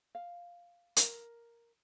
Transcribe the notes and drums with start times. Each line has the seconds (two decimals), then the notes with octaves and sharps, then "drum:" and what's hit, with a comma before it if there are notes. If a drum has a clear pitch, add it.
0.15 F5
0.96 A#4, drum: hi-hat